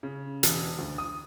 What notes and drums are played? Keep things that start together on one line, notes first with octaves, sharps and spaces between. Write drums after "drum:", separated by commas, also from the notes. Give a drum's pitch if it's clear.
C#3
E1, drum: hi-hat
D2
D#6